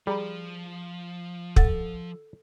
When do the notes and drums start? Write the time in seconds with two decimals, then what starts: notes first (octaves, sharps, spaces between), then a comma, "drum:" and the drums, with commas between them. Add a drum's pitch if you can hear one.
0.07 F3 G3 G#4 A#5 B5
1.56 A4 F#5 A6, drum: kick